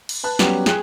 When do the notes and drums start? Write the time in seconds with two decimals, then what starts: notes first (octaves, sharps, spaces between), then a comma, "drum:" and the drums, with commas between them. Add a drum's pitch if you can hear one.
0.09 drum: cymbal
0.24 B4 A5 F#6
0.39 F#3 G3 B3 C#4 G4, drum: snare
0.66 G#4 G5 F#6, drum: snare